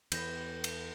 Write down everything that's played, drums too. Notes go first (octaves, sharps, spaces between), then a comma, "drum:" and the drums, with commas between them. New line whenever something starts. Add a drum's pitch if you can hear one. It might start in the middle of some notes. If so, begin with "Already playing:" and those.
E2 E3 B3 G6 A#6, drum: cymbal
drum: cymbal